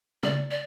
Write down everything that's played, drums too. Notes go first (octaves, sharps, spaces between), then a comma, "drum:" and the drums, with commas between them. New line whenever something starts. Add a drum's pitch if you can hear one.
D5, drum: tom
D5